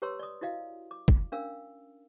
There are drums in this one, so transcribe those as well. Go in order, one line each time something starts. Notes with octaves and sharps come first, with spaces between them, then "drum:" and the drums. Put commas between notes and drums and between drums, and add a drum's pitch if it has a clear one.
G4 B4 C#5 A#5 C6 E6
D5 D#6
E4 F#4 D#5 F5
D6
drum: kick
C#4 D4 A#4 F5 E6